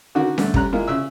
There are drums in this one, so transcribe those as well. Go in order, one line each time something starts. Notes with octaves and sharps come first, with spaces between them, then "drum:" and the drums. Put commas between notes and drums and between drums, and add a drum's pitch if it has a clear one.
D3 D#3 C#4 F#4
G2 D3 A3, drum: snare C#4
G3 C#4 A#5 F#6, drum: kick
G#3 A#3 E4 F4
C#3 E5 E6